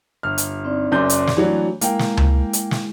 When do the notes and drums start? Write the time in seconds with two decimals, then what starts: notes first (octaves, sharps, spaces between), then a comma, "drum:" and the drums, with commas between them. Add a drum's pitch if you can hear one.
0.23 G1 F6
0.38 drum: hi-hat
0.64 C4 D#4 D5
0.92 F#1 F#2 D5 C6 D6 G6
1.10 drum: hi-hat
1.27 drum: snare
1.37 E3 F#3 A3 D4
1.81 G#3 A#3 E4 G5, drum: hi-hat
1.99 drum: snare
2.17 drum: tom C#2
2.53 drum: hi-hat
2.71 drum: snare